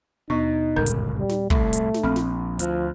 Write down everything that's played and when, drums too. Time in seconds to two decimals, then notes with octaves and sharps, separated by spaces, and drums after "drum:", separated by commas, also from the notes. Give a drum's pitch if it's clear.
0.30 D#2 B2 B3 D#4 C#6
0.76 G1 C#2 F#2 A#2 A#4 G6
0.86 drum: hi-hat
1.19 G3
1.30 drum: snare
1.50 C2 A2 A3, drum: kick
1.73 drum: hi-hat
1.94 drum: snare
2.04 A#1 C4 F6
2.16 drum: snare
2.59 D2 F3, drum: hi-hat